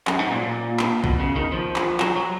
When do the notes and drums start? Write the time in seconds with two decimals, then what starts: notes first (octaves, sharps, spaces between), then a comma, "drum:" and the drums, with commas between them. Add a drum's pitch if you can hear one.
0.07 F#2, drum: clap
0.19 G#2
0.31 A#2
0.43 A#2
0.79 drum: clap
1.04 B2, drum: kick
1.20 C#3
1.36 D#3
1.52 F3
1.76 drum: clap
2.00 F#3, drum: clap
2.16 F#3